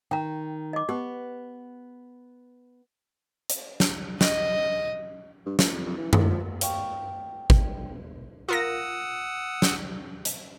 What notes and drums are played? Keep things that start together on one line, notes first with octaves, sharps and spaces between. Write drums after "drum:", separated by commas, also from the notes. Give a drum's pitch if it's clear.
D#3 G5 A#5
D#5 D6
B3 G4
drum: hi-hat
drum: snare
D#5, drum: snare
G2
A#1, drum: snare
F2
F2
E3
A2, drum: tom F#2
F3
F4 G4 C#6, drum: hi-hat
drum: kick G#1
F4 A#4 F#5 D#6 E6 A#6
drum: snare
drum: hi-hat